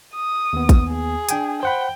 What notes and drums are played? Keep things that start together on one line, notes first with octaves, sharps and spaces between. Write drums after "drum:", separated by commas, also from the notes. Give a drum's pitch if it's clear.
D#6
D#2 B3
drum: kick, hi-hat
G#4
D4 G5 G#5, drum: hi-hat
C5 F#5 G5 B5